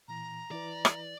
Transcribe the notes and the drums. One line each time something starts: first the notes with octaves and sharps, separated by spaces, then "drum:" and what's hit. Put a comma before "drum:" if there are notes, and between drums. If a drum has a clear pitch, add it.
A#2 E3 A#5
E3 E4 B4 D5
drum: rim click